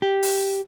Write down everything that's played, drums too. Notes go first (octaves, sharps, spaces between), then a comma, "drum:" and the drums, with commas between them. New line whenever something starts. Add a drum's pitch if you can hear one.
G4
drum: open hi-hat